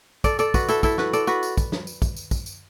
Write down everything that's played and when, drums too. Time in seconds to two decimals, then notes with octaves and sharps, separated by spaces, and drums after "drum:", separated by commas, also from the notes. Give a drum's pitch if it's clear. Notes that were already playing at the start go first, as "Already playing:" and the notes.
0.24 A4 D5, drum: kick, tambourine
0.39 A4 D5, drum: tambourine
0.54 F#4 B4, drum: kick, tambourine
0.68 E4 A4, drum: tambourine
0.83 E4 A4, drum: kick, tambourine
0.98 F#4 B4, drum: snare
1.13 A4 D5, drum: tambourine
1.27 F#4 B4, drum: tambourine
1.43 drum: tambourine
1.57 drum: kick, tambourine
1.72 drum: snare
1.87 drum: tambourine
2.02 drum: kick, tambourine
2.17 drum: tambourine
2.31 drum: kick, tambourine
2.46 drum: tambourine